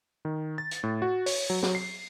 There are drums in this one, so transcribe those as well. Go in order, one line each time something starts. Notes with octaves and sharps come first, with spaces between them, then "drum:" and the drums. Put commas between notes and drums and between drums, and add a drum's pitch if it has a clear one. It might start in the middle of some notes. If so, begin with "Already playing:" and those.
D#3
A6
drum: hi-hat
A2
F#4
C#5, drum: open hi-hat
F#3
F#3, drum: snare
C7